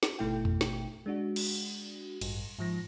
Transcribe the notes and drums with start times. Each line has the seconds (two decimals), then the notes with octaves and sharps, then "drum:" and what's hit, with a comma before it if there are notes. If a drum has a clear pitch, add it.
0.03 drum: snare
0.19 G#1 B2 A3 E4 G5
0.45 drum: tom E2
0.61 drum: snare
1.06 G#3 D4 F#4
1.36 drum: cymbal
2.21 A1 G2, drum: cymbal
2.59 G#2 F3 A#6